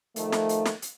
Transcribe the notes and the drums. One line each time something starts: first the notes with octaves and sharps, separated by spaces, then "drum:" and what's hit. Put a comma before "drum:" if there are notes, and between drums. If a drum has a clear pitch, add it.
D#3 F3 A3, drum: hi-hat
drum: snare
drum: hi-hat
drum: snare
drum: hi-hat